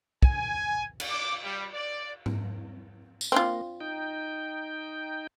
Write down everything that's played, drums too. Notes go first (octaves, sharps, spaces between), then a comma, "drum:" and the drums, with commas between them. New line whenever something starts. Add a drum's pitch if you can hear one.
G#5, drum: kick
drum: cymbal
D6
G3
D5
drum: tom G#2
drum: tambourine
A#3 C4 D4 F4
D#4 G5